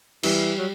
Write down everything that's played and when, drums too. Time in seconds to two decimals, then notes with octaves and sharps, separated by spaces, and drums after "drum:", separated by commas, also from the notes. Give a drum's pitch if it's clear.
0.23 E3 G3, drum: cymbal
0.58 F#3